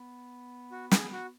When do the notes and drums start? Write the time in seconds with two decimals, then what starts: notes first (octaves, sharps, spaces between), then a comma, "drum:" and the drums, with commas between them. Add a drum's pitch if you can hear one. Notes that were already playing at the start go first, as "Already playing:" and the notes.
Already playing: B3
0.71 F#4
0.91 G#4, drum: snare
1.12 F#4